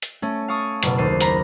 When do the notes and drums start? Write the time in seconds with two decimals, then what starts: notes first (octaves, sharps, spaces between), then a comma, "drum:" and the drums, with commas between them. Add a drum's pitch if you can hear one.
0.02 drum: hi-hat
0.22 A3 C#4
0.48 F5 A5 C#6 D#6
0.83 F#1 B2, drum: hi-hat
0.98 D#2 A4 C5 C7 D#7
1.21 A#5 B5 A#6 B6, drum: hi-hat